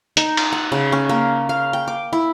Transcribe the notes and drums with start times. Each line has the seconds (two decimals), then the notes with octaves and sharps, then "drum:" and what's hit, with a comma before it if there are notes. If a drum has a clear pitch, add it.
0.17 D#4, drum: hi-hat
0.37 drum: cymbal
0.52 F#5
0.72 C#3
0.92 C#4
1.09 A#3
1.49 F5
1.73 G5
1.88 D6
2.13 E4